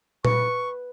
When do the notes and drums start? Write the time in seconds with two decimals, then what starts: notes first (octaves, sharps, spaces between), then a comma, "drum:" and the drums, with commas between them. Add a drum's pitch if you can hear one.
0.25 B4 C#6, drum: tom A#2